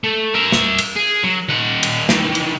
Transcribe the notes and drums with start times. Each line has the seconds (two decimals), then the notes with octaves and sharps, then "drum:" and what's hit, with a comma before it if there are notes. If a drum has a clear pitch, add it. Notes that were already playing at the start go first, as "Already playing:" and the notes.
0.04 A3
0.34 A#4 E5
0.52 drum: snare
0.78 drum: cymbal
0.96 G#4
1.23 F#3
1.49 D#3 F#5
1.83 drum: cymbal
2.09 D#3 E3, drum: snare
2.35 drum: cymbal